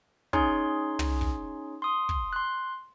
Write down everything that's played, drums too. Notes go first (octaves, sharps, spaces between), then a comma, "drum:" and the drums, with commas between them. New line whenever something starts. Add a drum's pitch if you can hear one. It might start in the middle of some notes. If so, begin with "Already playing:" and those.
C#4 D#4 G#4 C#5 C6, drum: kick
drum: tom
drum: kick
C6 D#6
drum: kick
C6 F#6